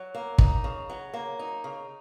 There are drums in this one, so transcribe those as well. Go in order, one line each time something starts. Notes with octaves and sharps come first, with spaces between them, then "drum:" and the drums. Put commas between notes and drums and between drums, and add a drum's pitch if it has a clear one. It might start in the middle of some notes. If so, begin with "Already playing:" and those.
Already playing: F#3
A#3
D#4, drum: kick
C#3
F#3
A#3
D#4
C#3